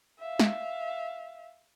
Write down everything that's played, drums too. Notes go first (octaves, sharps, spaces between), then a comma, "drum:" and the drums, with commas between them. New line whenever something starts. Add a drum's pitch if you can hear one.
E5 F5
drum: snare